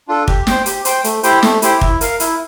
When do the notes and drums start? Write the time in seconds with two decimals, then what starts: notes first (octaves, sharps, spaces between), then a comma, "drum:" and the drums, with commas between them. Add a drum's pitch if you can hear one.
0.08 D4 F4 A4
0.28 G4, drum: kick
0.47 C5 G5, drum: snare
0.66 G4, drum: hi-hat
0.85 C5 G5, drum: hi-hat
1.04 A3, drum: hi-hat
1.23 E4 G4 C5 G5, drum: hi-hat
1.43 A3, drum: snare
1.62 E4 G4 C5 G5, drum: hi-hat
1.81 E4, drum: kick
2.01 A#4 F5, drum: hi-hat
2.20 E4, drum: hi-hat